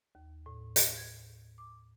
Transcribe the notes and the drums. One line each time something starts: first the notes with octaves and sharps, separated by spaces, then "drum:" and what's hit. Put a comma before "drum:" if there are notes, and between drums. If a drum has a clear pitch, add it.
D#2
A2
drum: hi-hat
G#6
D6